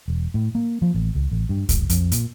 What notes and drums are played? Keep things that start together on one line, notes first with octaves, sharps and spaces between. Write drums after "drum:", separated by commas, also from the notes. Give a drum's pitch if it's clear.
E1
A2
A#3
F3
A1
C#2
A1
G2
F1, drum: kick, hi-hat
F2, drum: hi-hat
A#2, drum: hi-hat